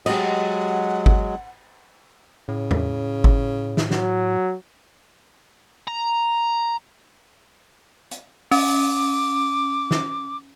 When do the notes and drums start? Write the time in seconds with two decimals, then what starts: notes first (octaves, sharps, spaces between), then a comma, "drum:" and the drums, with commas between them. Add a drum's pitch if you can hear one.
0.06 F#3 G#3 G4 D#5 F#5, drum: cymbal
1.06 drum: kick G1
2.48 A2 C#3
2.71 drum: tom E2
3.24 drum: kick G1
3.77 drum: snare
3.91 F#3, drum: snare
5.87 A#5
8.11 drum: hi-hat
8.51 C#4 D6, drum: open hi-hat
9.91 drum: snare